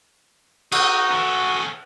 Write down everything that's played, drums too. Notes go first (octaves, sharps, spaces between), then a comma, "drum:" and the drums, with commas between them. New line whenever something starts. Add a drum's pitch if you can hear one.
D#4 F#4, drum: cymbal
C#4 A4